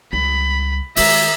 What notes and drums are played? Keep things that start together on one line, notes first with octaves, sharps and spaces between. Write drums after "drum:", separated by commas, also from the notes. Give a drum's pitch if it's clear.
C#2 G3 B5
D#3 G#3 E5 A#5, drum: open hi-hat